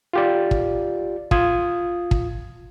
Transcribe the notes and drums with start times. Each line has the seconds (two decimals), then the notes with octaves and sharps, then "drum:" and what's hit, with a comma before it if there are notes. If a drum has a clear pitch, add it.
0.13 F4 G4 D5
0.51 drum: kick
1.31 F4 D#6 G#6, drum: kick
2.11 drum: kick